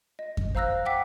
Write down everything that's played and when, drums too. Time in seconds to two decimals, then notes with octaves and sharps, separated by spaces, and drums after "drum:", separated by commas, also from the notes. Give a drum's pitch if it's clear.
0.19 D#5
0.37 drum: kick F2
0.55 C5 F5 A#5 E6 F#6 A#6
0.85 F#5 G5 D6 B6